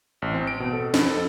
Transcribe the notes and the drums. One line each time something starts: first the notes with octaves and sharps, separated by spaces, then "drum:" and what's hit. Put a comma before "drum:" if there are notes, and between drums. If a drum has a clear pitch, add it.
A1
C4
D7
B2
A4
F2, drum: snare
A4